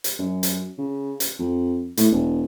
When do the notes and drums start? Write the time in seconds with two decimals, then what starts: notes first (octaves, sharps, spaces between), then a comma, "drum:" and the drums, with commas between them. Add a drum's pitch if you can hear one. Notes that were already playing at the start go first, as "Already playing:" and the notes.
0.04 drum: hi-hat
0.18 F#2
0.43 drum: hi-hat
0.78 C#3
1.20 drum: hi-hat
1.39 F2
1.97 A2, drum: hi-hat
2.11 E1